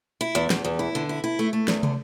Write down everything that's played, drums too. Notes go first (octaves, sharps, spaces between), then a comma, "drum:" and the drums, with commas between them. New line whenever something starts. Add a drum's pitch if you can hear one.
E4
E2
E2, drum: snare
E2
E4
D3
E4
E4
A3
A3
E2, drum: snare
D3, drum: tom